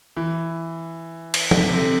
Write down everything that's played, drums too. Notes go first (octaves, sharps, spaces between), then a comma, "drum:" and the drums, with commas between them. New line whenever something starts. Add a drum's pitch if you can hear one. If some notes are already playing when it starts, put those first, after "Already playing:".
E3
drum: cymbal
D3, drum: tom F3
C3
C3
D3